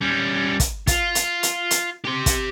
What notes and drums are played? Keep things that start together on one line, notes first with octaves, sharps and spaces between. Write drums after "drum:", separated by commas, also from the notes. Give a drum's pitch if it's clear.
G3 C#4
drum: kick, hi-hat
F4, drum: kick, hi-hat
drum: hi-hat
drum: hi-hat
drum: hi-hat
G4 C6
drum: kick, hi-hat